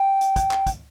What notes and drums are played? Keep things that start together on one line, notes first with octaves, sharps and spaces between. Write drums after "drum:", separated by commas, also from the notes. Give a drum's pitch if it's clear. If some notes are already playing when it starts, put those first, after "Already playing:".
Already playing: G5
drum: hi-hat
drum: kick, hi-hat
drum: clap
drum: kick, hi-hat